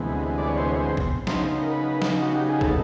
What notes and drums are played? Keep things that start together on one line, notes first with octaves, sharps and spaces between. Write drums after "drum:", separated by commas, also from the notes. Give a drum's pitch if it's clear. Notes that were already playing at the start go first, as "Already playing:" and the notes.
Already playing: D2 C3 E3 G#3 B3
D5
C#5
C5
C#5
C5
drum: kick
C#3 F#3 B3 D#4 C5, drum: snare
A#4
B4
drum: snare
F#4
G4
G#4
A4, drum: kick